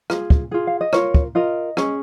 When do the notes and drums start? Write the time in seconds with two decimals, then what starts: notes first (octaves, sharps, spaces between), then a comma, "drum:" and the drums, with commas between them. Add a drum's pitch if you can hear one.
0.10 F4 G#4, drum: rim click
0.30 drum: kick
0.51 F4 G#4
0.67 F5
0.81 D#5
0.93 F4 A#4 C#5, drum: rim click
1.14 drum: kick
1.35 F4 A#4 D#5
1.77 C#4 G#4, drum: rim click